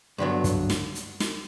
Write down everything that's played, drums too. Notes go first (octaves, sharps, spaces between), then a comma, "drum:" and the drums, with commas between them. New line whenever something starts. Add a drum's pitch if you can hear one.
G2 D3 F#3 B3
drum: kick, hi-hat
drum: snare
drum: hi-hat
drum: snare